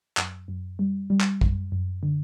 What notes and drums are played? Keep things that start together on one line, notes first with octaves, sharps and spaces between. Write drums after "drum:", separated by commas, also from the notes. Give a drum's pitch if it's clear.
F#2, drum: clap
F#2
G3
G3
drum: clap
F#2, drum: kick
F#2
D3